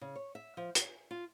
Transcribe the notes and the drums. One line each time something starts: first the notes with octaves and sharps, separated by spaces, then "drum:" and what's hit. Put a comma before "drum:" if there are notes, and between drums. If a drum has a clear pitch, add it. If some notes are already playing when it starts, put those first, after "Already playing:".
C#3
C#5
E5
F3
G#5, drum: hi-hat
F4